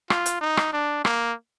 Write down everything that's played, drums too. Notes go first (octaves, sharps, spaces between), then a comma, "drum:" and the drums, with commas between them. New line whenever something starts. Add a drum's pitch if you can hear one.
F4, drum: rim click
drum: hi-hat
D#4
drum: rim click
D4
A#3, drum: rim click